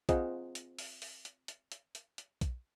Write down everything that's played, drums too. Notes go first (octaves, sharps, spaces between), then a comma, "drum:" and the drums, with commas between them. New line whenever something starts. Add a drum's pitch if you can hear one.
C4 F4 G#4 C5 D#5 F#5, drum: kick B1, hi-hat
drum: hi-hat
drum: open hi-hat
drum: open hi-hat
drum: hi-hat
drum: hi-hat
drum: hi-hat
drum: hi-hat
drum: hi-hat
drum: kick B1, hi-hat